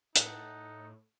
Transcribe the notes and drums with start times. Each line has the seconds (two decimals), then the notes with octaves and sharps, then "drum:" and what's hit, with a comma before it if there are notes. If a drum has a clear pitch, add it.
0.16 A2 D#4 A4 F#5, drum: hi-hat